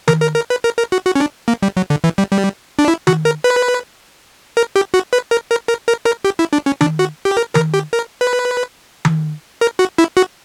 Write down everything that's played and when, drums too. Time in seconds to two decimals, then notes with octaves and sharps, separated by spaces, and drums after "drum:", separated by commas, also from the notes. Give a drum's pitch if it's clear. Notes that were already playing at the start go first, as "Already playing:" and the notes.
0.08 A#4, drum: tom D#3
0.22 A#4
0.35 A#4
0.50 B4
0.64 A#4
0.78 A#4
0.92 F#4
1.06 F#4
1.15 C#4
1.20 D4
1.48 A#3
1.63 G3
1.77 F#3
1.90 D3
2.04 E3
2.18 G3
2.32 G3
2.79 D4
2.88 E4
3.07 F#4, drum: tom D#3
3.25 A#4
3.44 B4
4.57 A#4
4.76 G4
4.94 F#4
5.13 B4
5.31 A#4
5.50 A#4
5.68 A#4
5.88 A#4
6.06 A#4
6.25 G4
6.39 E4
6.53 D4
6.66 C#4
6.81 D4, drum: tom D#3
6.99 F#4
7.25 G4
7.37 A#4
7.55 A#4, drum: tom D#3
7.74 G4
7.93 A#4
8.21 B4
9.05 drum: tom D#3
9.61 A#4
9.79 F#4
9.98 E4
10.17 F#4